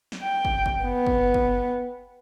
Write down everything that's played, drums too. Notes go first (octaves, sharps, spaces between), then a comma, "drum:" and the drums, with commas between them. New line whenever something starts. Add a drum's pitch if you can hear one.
drum: snare
G5
drum: kick
drum: kick
B3
drum: kick
drum: kick